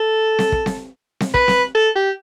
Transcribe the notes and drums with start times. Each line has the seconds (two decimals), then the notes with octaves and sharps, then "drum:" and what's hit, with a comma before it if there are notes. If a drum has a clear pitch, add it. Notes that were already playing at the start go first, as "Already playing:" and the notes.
Already playing: A4
0.39 drum: snare C4
0.52 drum: kick
0.66 drum: snare C4
1.20 drum: snare C4
1.34 B4, drum: kick
1.48 drum: snare C4
1.75 A4
1.96 G4